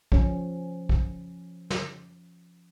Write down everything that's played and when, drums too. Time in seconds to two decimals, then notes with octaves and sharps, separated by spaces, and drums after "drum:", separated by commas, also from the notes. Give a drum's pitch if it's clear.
0.12 F3 C#4, drum: kick
0.89 drum: kick
1.70 drum: snare